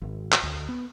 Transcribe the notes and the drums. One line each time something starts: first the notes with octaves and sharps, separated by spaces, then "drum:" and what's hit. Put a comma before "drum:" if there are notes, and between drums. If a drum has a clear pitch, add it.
G#1
drum: clap
D2
B3